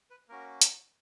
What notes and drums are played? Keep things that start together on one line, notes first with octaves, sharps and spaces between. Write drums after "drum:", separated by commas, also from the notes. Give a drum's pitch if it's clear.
B4
A#3 C#4 F#4 A#4
drum: hi-hat